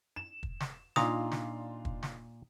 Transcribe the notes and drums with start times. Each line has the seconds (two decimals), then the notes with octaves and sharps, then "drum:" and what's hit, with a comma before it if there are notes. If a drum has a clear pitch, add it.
0.16 E7
0.43 drum: kick
0.61 drum: snare
0.96 A#2 D4 D#4 F4 A#5 D#6, drum: snare
1.32 drum: snare
1.85 drum: kick
2.03 drum: snare